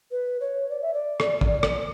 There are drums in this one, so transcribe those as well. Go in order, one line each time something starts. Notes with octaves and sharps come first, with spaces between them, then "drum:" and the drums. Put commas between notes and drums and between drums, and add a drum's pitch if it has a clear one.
B4
C#5
D5
E5
D5
drum: rim click
drum: kick
drum: rim click